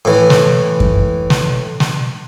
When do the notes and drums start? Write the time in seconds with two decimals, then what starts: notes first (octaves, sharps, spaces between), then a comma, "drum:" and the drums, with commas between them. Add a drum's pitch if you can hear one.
0.05 A2 E3
0.30 drum: snare
0.80 drum: kick F#2
1.30 drum: snare
1.80 drum: snare